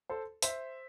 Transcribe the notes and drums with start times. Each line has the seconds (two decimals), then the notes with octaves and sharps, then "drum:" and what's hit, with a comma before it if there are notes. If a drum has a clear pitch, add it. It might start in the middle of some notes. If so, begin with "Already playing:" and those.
0.10 A4 C5
0.42 C5 E5, drum: hi-hat